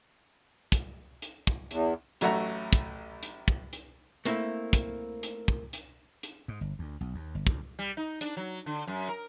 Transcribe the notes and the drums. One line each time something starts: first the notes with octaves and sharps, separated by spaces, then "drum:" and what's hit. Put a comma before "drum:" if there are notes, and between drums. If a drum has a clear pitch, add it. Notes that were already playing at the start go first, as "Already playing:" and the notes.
drum: kick, hi-hat
drum: hi-hat
drum: kick
E2, drum: hi-hat
A1 F#3 A3 E5 F#5 A#5, drum: hi-hat
drum: kick, hi-hat
drum: hi-hat
drum: kick
drum: hi-hat
A3 A#3 C4 E4, drum: hi-hat
drum: kick, hi-hat
drum: hi-hat
drum: kick
drum: hi-hat
drum: hi-hat
G#2
G1
D2
B1
D#2
G1
D2, drum: kick
G3
D#4
D4, drum: hi-hat
F#3
D3
F#2
A#4